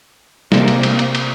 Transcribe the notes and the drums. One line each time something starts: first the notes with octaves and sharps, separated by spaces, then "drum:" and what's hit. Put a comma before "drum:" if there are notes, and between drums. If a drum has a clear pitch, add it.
C3 A#3, drum: snare
drum: cymbal
drum: cymbal
drum: cymbal
drum: cymbal